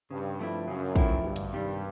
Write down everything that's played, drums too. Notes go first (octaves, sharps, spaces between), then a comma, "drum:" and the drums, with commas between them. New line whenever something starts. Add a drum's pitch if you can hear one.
G2 C#3
F3 A3 C4 E4
F#2 C#3
F3 A3 C4 E4, drum: kick
D2 G2
drum: hi-hat
C3 D#3 G3